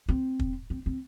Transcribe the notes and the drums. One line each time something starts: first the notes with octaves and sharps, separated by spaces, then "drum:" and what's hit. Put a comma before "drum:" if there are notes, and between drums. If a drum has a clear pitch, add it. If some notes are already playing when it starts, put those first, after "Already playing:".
C4
drum: kick
C4
C4